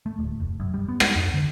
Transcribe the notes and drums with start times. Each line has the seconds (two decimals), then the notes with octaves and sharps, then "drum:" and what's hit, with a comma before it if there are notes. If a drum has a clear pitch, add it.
0.06 A3
0.18 D1
0.40 F1
0.60 F#2
0.74 G3
0.88 B3
1.00 G#3, drum: rim click
1.16 F2
1.34 D3